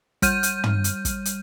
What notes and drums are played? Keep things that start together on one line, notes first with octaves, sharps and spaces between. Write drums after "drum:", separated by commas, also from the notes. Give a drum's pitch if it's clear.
G3 F6 G6 D#7, drum: kick, hi-hat
drum: hi-hat
drum: tom
drum: hi-hat
drum: kick, hi-hat
drum: hi-hat